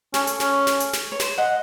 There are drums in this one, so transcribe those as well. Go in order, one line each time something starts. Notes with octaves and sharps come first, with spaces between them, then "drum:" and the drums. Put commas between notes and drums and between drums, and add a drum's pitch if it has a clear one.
C#4 A4, drum: snare
drum: hi-hat
C#4, drum: snare
drum: snare
drum: hi-hat
drum: snare
C#5
C5, drum: snare
D#5 F#5